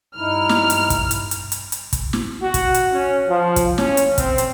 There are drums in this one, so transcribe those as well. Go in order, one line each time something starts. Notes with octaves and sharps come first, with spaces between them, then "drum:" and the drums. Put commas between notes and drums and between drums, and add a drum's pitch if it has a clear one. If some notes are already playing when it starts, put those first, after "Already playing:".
G2 D#4 E4 F6
drum: snare
drum: hi-hat
drum: kick, hi-hat
drum: hi-hat
drum: hi-hat
drum: hi-hat
drum: hi-hat
drum: kick, hi-hat
drum: snare
F#4
drum: kick, hi-hat
drum: hi-hat
C#4
F3
drum: kick, hi-hat
C#4, drum: snare
drum: hi-hat
C4, drum: kick, hi-hat
drum: hi-hat